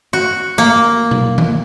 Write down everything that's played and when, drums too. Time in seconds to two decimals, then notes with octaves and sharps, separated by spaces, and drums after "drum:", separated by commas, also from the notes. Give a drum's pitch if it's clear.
0.13 F#4
0.58 A#3
1.11 drum: tom B2
1.38 drum: tom D#3